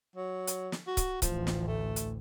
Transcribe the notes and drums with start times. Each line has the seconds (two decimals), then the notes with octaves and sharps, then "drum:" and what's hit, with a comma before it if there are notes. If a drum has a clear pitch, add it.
0.16 F#3
0.47 drum: hi-hat
0.72 drum: snare
0.87 F#4
0.97 drum: kick C#1, hi-hat
1.22 A1 D2 F3, drum: kick C#1, hi-hat
1.47 drum: snare
1.67 A3
1.96 drum: hi-hat